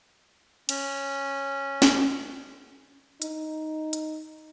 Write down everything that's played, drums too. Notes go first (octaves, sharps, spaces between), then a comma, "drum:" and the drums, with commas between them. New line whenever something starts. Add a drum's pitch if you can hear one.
C#4, drum: cymbal
drum: snare
D#4, drum: hi-hat
drum: hi-hat